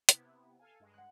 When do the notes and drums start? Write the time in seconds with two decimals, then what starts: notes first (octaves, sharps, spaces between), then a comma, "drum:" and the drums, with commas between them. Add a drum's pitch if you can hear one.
0.09 C3 B3 E4, drum: hi-hat
0.59 A4 F5 G#5
0.80 G2 G#3
0.94 F#5 F#6